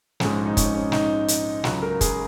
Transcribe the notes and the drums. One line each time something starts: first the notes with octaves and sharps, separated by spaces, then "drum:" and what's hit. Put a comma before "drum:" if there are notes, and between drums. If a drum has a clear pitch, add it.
A#1 G#2 G#3 C#4, drum: snare
D#4
C#4, drum: kick, hi-hat
C#4
D#4, drum: snare
drum: hi-hat
C#2 C#3 F#3 F#4, drum: snare
A#4
G#4, drum: kick, hi-hat